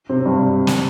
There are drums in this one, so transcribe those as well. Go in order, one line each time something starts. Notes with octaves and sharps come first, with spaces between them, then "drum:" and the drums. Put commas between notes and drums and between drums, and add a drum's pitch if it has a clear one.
C3 C4
G2 G3
drum: snare